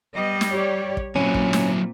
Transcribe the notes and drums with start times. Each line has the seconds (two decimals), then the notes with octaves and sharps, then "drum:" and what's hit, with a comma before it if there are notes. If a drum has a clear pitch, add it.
0.15 G3 B3 D#5
0.41 drum: snare
0.51 G4 C#5 D5
0.97 drum: kick
1.16 A#2 F#3 C4 C#4 E4
1.34 drum: kick
1.53 drum: snare